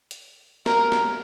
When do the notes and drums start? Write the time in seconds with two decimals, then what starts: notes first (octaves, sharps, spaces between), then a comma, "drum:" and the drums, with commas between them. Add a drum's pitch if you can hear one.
0.11 drum: hi-hat
0.66 A#4, drum: snare
0.92 drum: snare